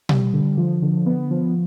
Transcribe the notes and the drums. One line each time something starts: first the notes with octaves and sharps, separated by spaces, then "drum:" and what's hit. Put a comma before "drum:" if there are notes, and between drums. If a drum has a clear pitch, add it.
G3, drum: tom B2
D3
F3
D3
B3
F3